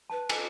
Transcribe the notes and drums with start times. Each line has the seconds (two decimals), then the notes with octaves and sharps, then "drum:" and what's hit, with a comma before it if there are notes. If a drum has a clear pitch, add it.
0.10 B4 A5
0.29 G#5, drum: cymbal